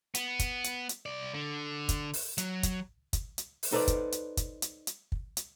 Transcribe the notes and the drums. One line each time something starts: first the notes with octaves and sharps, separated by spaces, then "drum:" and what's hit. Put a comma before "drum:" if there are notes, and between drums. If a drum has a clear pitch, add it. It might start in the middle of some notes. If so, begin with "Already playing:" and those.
B3, drum: hi-hat
drum: kick, hi-hat
drum: hi-hat
drum: hi-hat
C2 D5
D3
drum: kick, hi-hat
drum: open hi-hat
F#3, drum: hi-hat
drum: kick, hi-hat
drum: kick, hi-hat
drum: hi-hat
drum: open hi-hat
D#4 A4 B4 C5 D5
drum: kick, hi-hat
drum: hi-hat
drum: kick, hi-hat
drum: hi-hat
drum: hi-hat
drum: kick
drum: hi-hat